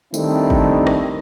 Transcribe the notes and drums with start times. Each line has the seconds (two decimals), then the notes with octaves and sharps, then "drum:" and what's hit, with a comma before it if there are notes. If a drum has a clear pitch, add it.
0.14 D#3 G3 A3 C4 D4 E4, drum: tambourine
0.50 drum: kick
0.87 drum: rim click